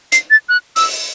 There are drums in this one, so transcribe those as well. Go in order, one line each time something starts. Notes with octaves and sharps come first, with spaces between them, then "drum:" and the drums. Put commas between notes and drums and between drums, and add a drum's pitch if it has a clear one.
C7, drum: hi-hat
A6
F#6
E6, drum: open hi-hat